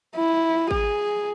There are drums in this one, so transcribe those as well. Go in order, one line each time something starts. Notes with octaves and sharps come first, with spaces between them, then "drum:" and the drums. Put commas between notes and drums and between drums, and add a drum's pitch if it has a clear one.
E4
G#4, drum: kick G#1